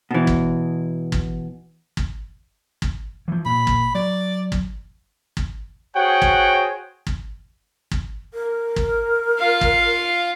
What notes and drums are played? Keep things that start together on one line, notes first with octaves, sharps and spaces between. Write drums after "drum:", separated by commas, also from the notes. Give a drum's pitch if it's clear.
B2 E3
drum: kick
drum: kick
drum: kick
drum: kick
E3 F3
A#2 B5
drum: kick
F#3 D5
drum: kick
drum: kick
F#4 G#4 C5 C#5 F#5 G5
drum: kick
drum: kick
drum: kick
A#4
drum: kick
F4 F5
drum: kick